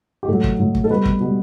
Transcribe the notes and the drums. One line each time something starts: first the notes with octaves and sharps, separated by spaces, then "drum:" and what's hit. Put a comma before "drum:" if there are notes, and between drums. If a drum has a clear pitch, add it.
G4
A2 F#3 A4
drum: kick
A2 F#3
drum: kick
A4
B2 G3 B4
drum: kick
B2 G3